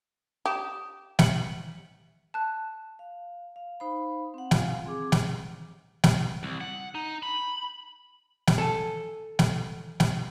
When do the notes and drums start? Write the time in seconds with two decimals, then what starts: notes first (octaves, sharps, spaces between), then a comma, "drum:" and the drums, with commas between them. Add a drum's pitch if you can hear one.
0.46 G4 D#6 E7
1.19 E5 C#7 F#7, drum: snare
2.34 A5 F#6
2.99 F5
3.56 F5
3.80 D#4 C5 F5 B5
4.34 C4 F#5
4.51 F4 F5 G#5, drum: snare
4.86 C4 G#4 D6
5.12 drum: snare
6.03 drum: snare
6.43 C2
6.61 F#5
6.95 D#4
7.23 B5
8.47 drum: snare
8.58 A4 G#5
9.39 drum: snare
10.00 drum: snare